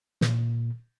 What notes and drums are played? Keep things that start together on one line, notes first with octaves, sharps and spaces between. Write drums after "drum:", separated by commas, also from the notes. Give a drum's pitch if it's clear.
A#2, drum: snare